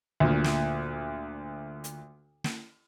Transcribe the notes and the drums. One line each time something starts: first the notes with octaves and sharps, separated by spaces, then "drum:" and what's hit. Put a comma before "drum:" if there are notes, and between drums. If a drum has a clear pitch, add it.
D2 A#2
drum: snare
drum: hi-hat
drum: snare